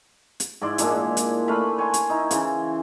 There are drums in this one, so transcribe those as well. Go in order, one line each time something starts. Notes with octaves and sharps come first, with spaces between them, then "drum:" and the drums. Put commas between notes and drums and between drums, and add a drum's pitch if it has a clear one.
drum: hi-hat
G#2 E4 D5 C6
A#2 G#3 D4 E4, drum: hi-hat
drum: hi-hat
A3 B4 F5 B5
C#5 G#5 C6
drum: hi-hat
D#4 E4
C#3 E3 C6, drum: hi-hat